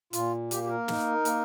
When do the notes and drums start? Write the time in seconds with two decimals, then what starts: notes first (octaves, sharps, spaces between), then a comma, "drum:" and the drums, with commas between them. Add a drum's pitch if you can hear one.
0.13 A#2 F4, drum: hi-hat
0.51 A#3 G4, drum: hi-hat
0.64 G4
0.69 A#4
0.88 D#4, drum: snare
1.25 A#3, drum: hi-hat